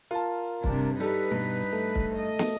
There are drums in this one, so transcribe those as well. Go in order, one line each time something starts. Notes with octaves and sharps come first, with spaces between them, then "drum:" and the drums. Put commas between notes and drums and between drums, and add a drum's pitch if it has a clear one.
F4 A#4 A5
G2 C3 D4, drum: kick
G3 D#4 A4 B4
G2 B2
A3 A4
drum: kick
D#5
drum: snare